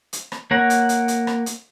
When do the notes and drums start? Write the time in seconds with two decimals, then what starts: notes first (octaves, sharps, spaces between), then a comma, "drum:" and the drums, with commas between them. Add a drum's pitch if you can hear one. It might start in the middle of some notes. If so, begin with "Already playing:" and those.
0.13 drum: hi-hat
0.32 drum: rim click
0.51 A#3 C#5 F#5 A#5
0.70 drum: hi-hat
0.89 drum: hi-hat
1.08 drum: hi-hat
1.27 drum: rim click
1.46 drum: hi-hat